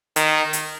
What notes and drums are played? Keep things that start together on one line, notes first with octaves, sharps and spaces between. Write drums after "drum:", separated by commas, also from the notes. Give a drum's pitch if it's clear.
D#3, drum: hi-hat
drum: hi-hat